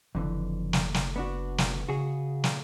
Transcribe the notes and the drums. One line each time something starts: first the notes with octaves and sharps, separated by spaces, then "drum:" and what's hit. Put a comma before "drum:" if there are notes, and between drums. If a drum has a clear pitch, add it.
F#1 F2 D3 E3
drum: snare
drum: snare
B3 D4 F#4
drum: snare
C#3 F#4 G#4
drum: snare